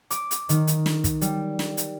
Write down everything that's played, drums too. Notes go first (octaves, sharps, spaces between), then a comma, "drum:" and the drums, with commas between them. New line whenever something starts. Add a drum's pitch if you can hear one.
D6, drum: hi-hat
drum: hi-hat
D#3, drum: hi-hat
drum: hi-hat
drum: snare
drum: kick, hi-hat
G3, drum: hi-hat
drum: snare
drum: hi-hat